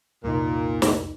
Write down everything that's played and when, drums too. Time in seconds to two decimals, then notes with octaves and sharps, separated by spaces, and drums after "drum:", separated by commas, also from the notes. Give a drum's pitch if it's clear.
0.24 C2 F2 A#2 D#4
0.82 drum: snare